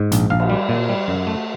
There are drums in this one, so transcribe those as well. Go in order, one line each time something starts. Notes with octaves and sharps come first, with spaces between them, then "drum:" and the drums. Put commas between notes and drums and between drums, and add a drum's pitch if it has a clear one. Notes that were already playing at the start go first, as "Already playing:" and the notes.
Already playing: G#2
A#1, drum: hi-hat
A#1 F5
drum: cymbal
G3
A#2
G3
F#2
A3